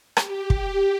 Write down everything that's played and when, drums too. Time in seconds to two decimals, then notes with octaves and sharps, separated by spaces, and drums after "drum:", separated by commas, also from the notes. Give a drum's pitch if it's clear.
0.17 G4, drum: rim click
0.50 drum: kick